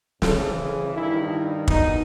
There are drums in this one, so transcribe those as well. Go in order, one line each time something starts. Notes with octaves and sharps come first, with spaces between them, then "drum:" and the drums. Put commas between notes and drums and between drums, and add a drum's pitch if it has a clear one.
F2 C#3 E3 A4, drum: snare
G#4
G2 D#3 E4
E2 B2 D#4, drum: kick